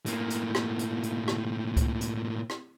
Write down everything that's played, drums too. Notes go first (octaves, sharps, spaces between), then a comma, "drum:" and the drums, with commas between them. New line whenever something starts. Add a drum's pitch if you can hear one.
A2 A#3, drum: hi-hat
drum: hi-hat
drum: rim click
drum: hi-hat
drum: hi-hat
drum: rim click
drum: kick C#2, hi-hat
drum: hi-hat
drum: rim click